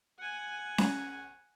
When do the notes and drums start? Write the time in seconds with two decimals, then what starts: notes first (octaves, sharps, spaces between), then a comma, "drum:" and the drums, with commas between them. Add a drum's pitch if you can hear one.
0.19 F#5 G#5
0.78 drum: snare C#4